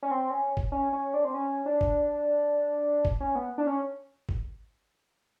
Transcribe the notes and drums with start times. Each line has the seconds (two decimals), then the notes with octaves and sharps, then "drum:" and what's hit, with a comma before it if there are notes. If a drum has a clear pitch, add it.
0.02 C#4
0.11 C4
0.31 C#4
0.57 drum: kick
0.72 C#4
0.93 C#4
1.14 D4
1.25 C4
1.34 C#4
1.66 D4
1.81 drum: kick
3.05 drum: kick
3.20 C#4
3.36 B3
3.58 D4
3.67 C#4
4.29 drum: kick